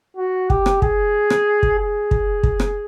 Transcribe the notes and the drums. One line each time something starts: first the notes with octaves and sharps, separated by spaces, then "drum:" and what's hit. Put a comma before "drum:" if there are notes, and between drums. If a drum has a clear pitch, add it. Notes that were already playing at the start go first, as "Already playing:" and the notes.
F#4
G4, drum: kick
drum: rim click
G#4, drum: kick
drum: rim click
drum: kick
G#4
drum: kick
drum: kick
drum: rim click